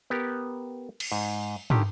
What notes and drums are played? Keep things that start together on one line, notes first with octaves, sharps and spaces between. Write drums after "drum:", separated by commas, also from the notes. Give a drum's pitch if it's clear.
B3 G4 A#4
drum: cymbal
G#2
D3 D#3 G4, drum: tom